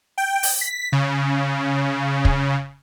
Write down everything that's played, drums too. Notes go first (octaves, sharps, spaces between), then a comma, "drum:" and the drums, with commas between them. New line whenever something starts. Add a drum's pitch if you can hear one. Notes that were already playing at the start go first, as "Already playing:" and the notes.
G5
drum: open hi-hat
B6
C#3
drum: kick